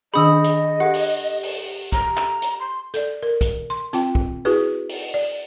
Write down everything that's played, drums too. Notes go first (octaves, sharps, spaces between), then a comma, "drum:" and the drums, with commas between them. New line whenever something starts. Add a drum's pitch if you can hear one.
D#3 D4 G#4 D#5 B5 D#6 E6
drum: hi-hat
G4 A4 F#5
drum: open hi-hat
drum: open hi-hat
A#5, drum: kick, hi-hat
drum: clap
drum: hi-hat
C6
A4 D5, drum: hi-hat
A#4
drum: kick, hi-hat
C6
C4 F4 G5, drum: hi-hat
drum: kick
E4 F#4 G#4 B4
drum: open hi-hat
D5